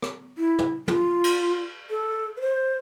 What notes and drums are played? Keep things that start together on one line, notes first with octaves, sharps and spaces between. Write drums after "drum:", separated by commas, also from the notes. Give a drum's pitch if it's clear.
drum: rim click
E4
drum: tom
F4, drum: tom
drum: cymbal
A4
B4
C5